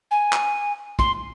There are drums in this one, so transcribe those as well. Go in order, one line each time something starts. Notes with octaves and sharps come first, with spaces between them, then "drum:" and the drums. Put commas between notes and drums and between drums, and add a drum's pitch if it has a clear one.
G#5
drum: clap
C6, drum: kick